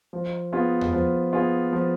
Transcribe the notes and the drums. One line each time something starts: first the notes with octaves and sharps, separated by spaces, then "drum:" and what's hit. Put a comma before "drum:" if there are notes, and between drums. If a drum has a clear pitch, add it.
F3
B3 F4 G#4
drum: tom E2
F3
B3 F4 G#4
F3